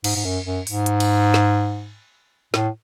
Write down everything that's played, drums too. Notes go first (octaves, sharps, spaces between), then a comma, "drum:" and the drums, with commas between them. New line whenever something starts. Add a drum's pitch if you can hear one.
G#2, drum: cymbal
G#2
F#2
F#2
G#2, drum: open hi-hat
drum: hi-hat
drum: cymbal
drum: snare
A2, drum: snare